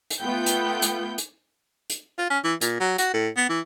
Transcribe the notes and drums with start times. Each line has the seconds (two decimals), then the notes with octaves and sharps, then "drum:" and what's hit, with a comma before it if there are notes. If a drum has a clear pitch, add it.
0.10 drum: hi-hat
0.20 A3 B3 F4 G5 G6
0.46 drum: hi-hat
0.82 drum: hi-hat
1.18 drum: hi-hat
1.90 drum: hi-hat
2.18 F4
2.30 C#4
2.44 E3
2.61 A#2, drum: hi-hat
2.80 F#3
2.98 F#4, drum: hi-hat
3.14 A2
3.36 B3
3.49 E3